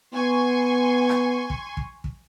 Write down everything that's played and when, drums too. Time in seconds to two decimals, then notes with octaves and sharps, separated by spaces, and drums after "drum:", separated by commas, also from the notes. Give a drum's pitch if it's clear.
0.14 B3 G#5 C6 C#6
1.09 drum: rim click
1.50 drum: kick
1.77 drum: kick
2.04 drum: kick